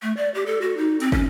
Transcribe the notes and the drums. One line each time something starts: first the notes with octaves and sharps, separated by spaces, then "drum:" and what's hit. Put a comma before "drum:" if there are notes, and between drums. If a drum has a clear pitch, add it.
A3
D5
G4
A4
F#4
D#4
C4, drum: hi-hat
C#4, drum: kick